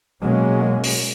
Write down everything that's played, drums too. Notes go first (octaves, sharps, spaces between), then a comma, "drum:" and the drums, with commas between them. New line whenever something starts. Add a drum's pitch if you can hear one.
B2 F#3 G#3 A#3 C#4
drum: open hi-hat